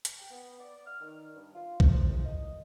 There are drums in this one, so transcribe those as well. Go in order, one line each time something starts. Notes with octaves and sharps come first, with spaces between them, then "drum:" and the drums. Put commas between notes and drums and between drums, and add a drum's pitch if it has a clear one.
drum: hi-hat
G5
B3
D5
F6
D#3
G2
F4
C5, drum: kick
C2
D#5